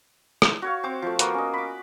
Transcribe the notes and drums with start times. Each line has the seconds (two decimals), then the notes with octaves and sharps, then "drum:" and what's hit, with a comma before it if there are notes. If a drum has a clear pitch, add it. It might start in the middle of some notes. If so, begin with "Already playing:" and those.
0.42 drum: rim click
0.62 F#4 C#5 F5
0.83 C4 C5 D6
1.02 F3 A3
1.19 A#3 B3 F#4, drum: hi-hat
1.34 C#4 D#5
1.54 B5 D6